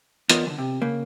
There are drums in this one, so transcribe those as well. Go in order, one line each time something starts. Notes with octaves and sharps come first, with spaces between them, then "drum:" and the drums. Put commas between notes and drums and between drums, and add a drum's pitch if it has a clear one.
E2 B3 F4 A#4 C#5 D#5, drum: hi-hat
D3 E3
C3
C#3 A#3